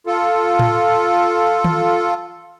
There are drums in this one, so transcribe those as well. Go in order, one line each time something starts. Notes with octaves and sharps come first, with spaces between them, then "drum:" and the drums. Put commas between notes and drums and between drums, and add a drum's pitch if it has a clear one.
F4 A4
drum: tom A2
drum: tom D#3